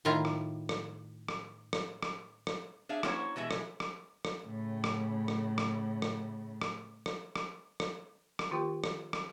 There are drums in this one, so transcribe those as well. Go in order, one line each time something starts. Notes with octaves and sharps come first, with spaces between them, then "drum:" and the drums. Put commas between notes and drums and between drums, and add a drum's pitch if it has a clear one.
A2 D#3 E4 F4 A#5
drum: rim click
drum: rim click
drum: rim click
drum: rim click
drum: rim click
drum: rim click
D4 G#4 E5 F5
A#3 C#4 E4 F#4 C5 C#5, drum: rim click
B2 E3 G#3 E5
drum: rim click
drum: rim click
drum: rim click
A2 C#3
drum: rim click
drum: rim click
drum: rim click
drum: rim click
drum: rim click
drum: rim click
drum: rim click
drum: rim click
drum: rim click
D#3 A#3 F4 G4 A#4 G5
drum: rim click
drum: rim click